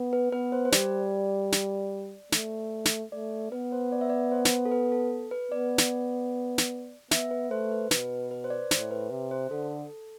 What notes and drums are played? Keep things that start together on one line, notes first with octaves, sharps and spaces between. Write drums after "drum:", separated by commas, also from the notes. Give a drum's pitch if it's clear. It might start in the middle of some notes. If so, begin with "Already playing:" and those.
Already playing: B3
B4
B3 B4
C5
C5
G3 D5, drum: snare
drum: snare
A3, drum: snare
drum: snare
A3 D5
B3 B4
C5
D5
E5
D5
C5
drum: snare
A4
B4
A4
B4
B3 D5
drum: snare
drum: snare
B3 E5, drum: snare
B4
A3 C5
B4
B2 B4, drum: snare
B4
C5
D5
A2 C5, drum: snare
B4
C3
C5
D3 A4